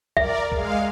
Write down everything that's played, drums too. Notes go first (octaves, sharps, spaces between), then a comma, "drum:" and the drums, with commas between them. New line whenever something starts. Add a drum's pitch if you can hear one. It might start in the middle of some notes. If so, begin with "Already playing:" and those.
A#4 D5 E5, drum: kick B1
G#3 F5, drum: kick B1